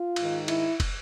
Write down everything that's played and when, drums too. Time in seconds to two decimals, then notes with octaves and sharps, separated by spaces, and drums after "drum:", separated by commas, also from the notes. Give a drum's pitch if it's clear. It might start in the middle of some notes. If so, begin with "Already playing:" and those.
Already playing: F4
0.16 G#2 D#3, drum: cymbal
0.48 E4, drum: cymbal
0.80 drum: kick, cymbal